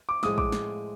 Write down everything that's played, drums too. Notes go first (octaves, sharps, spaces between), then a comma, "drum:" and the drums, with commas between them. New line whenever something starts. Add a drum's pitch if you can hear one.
D6
A2 F3 G#3 D#6, drum: snare
D6, drum: kick
drum: snare